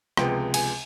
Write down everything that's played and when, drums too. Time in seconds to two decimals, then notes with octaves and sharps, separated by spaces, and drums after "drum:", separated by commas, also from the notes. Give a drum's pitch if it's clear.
0.17 C#2 C3 F3 G#3 B3 G5, drum: rim click
0.54 G#5, drum: cymbal